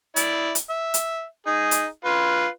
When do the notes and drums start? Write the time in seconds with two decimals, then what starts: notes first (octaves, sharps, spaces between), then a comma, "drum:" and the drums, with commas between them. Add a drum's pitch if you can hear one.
0.16 E4 D5, drum: hi-hat
0.55 drum: hi-hat
0.70 E5
0.94 drum: hi-hat
1.47 D#4 G#4
1.71 drum: hi-hat
2.05 F4 B4